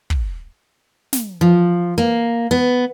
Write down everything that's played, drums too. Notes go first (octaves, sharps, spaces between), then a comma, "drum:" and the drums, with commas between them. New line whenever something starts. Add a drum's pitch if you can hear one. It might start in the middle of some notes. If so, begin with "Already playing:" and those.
drum: kick
drum: snare
F3
A#3
B3